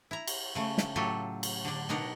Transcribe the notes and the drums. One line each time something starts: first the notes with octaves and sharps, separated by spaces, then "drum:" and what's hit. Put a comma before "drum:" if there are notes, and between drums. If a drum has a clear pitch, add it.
E4 A#5
drum: cymbal
C#3 A3
drum: snare
A2 F#3 F4 G4 A4
drum: cymbal
D3 D4
B2 D4 D#4 A#4 F#5